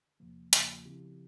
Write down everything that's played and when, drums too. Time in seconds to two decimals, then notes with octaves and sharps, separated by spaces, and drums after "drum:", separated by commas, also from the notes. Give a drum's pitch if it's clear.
0.20 E2 C3 F3 A#3
0.53 E2 C#3 F3 A#3 F4, drum: hi-hat
0.85 C#3 F3 C4 E4 G4